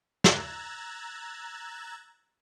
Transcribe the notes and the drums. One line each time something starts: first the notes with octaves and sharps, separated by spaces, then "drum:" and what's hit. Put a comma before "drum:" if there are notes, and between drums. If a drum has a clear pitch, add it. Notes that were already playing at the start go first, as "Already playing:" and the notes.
A#5 E6 F#6 G#6 A6, drum: snare